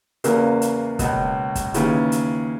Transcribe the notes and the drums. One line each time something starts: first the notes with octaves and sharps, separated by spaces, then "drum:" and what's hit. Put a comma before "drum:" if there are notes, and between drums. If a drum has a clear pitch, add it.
E2 C#3 E3 A#3, drum: hi-hat
drum: hi-hat
C#2 B2, drum: kick, hi-hat
drum: kick, hi-hat
D#2 C#3 E3, drum: hi-hat
drum: hi-hat